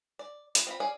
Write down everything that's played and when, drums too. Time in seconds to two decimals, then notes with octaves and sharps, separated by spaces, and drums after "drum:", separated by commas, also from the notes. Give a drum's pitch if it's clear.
0.19 D5
0.55 B3 F4, drum: hi-hat
0.67 C4 F4 B5
0.80 G#4 C#5 D5 F5